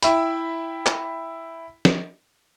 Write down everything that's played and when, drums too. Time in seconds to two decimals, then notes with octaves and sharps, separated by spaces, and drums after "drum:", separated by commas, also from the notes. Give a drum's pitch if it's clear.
0.03 E4 E5 G5 B5, drum: hi-hat
0.86 drum: clap
1.85 drum: snare